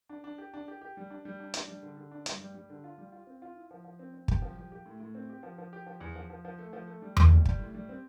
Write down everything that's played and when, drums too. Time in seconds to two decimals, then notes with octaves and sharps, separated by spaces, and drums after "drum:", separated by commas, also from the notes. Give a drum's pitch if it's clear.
0.09 D4
0.24 D4
0.38 G4
0.54 D4
0.68 G4
0.82 G4
0.97 G3
1.10 D4
1.25 G3
1.40 D4
1.54 D4, drum: hi-hat
1.68 G3
1.83 D3
1.97 D3
2.11 D4
2.26 G2, drum: hi-hat
2.41 G3
2.55 G3
2.70 D3
2.84 F4
2.98 G3
3.12 F4
3.27 C4
3.42 F4
3.56 E4
3.71 F3
3.84 F3
3.99 C4
4.14 C4
4.28 G4, drum: kick
4.42 F3
4.57 G4
4.72 G4
4.86 A2
5.00 A2
5.15 C4
5.30 G4
5.43 F3
5.58 F3
5.73 G4
5.86 F3
6.00 E2
6.15 F3
6.30 F3
6.45 F3
6.58 A3
6.73 F3
6.87 A3
7.02 G3
7.17 A2, drum: tom E2
7.30 G3
7.45 G3, drum: kick
7.59 A2
7.74 G3
7.89 C4